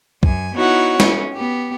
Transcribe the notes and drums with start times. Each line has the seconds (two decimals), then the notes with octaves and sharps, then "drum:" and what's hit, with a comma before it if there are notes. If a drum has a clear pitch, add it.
0.23 F#2 G#5, drum: kick
0.55 B3 D#4 E4 F#4 C#5 F#5
1.00 C#4, drum: snare
1.34 B3 G4